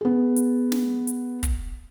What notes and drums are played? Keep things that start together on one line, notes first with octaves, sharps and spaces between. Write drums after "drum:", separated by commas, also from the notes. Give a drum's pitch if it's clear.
B3 G#4
drum: hi-hat
drum: snare
drum: hi-hat
drum: kick, hi-hat